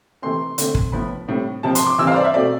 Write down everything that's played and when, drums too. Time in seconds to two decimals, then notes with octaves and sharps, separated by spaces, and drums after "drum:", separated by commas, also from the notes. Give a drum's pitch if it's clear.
0.22 C3 E3 A3 C4 C6
0.58 D3 A3 C4, drum: hi-hat
0.75 drum: kick
0.92 A2 F3 B3 B5
1.28 A2 G3 C4
1.63 C3 F3 C4 A5
1.75 C6, drum: hi-hat
1.87 D6
1.98 E3 G3 C4 E6
2.07 F5
2.12 C5
2.16 D5
2.24 E5
2.33 B2 A3 C4 D5